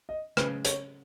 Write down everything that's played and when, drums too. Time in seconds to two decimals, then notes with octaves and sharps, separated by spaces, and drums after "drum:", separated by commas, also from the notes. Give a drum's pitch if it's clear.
0.09 D#5
0.37 C#3 B4, drum: rim click
0.65 C#5, drum: hi-hat